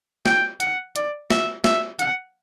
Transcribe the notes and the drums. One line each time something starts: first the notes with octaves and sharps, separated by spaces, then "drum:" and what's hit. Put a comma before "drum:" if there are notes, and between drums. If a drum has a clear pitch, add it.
G5, drum: snare
F#5, drum: hi-hat
D5, drum: hi-hat
E5, drum: snare
E5, drum: snare
F#5, drum: hi-hat